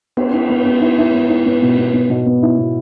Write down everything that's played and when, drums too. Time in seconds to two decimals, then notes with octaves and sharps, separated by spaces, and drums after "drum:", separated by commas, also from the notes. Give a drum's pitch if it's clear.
0.17 B3, drum: cymbal
0.33 E4
0.50 B3
0.66 B3
0.81 E4
0.98 E4
1.14 B3
1.30 E4
1.46 B3
1.62 B2
1.78 B3
1.94 B3
2.10 B2
2.26 B3
2.43 E4
2.58 B2